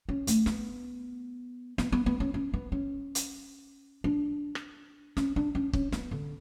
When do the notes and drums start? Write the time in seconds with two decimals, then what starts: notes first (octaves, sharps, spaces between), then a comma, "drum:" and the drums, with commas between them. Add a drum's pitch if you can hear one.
0.09 C#4
0.27 A3, drum: hi-hat
0.46 B3, drum: snare
1.78 B3, drum: snare
1.92 B3
2.06 B3
2.20 C#4
2.34 C#4
2.54 B3
2.72 C#4
3.15 drum: hi-hat
4.04 D4
4.55 drum: rim click
5.17 C#4, drum: snare
5.36 D4
5.55 C#4
5.73 C#4, drum: kick
5.92 B3, drum: snare
6.11 D3